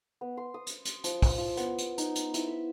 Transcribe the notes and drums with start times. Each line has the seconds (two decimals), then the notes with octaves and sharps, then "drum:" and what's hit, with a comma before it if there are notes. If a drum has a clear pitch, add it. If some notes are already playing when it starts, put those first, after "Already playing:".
0.21 B3
0.37 C6
0.54 D#6
0.67 drum: hi-hat
0.85 drum: hi-hat
1.04 F3, drum: hi-hat
1.22 drum: kick, open hi-hat
1.38 F4
1.57 B3, drum: hi-hat
1.78 drum: hi-hat
1.98 D#4, drum: hi-hat
2.15 drum: hi-hat
2.34 E4, drum: hi-hat
2.48 E5